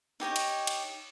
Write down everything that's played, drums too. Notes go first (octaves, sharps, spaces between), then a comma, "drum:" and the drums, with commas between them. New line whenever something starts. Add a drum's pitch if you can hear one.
D#4 G4 C#5 D#5
drum: cymbal
drum: cymbal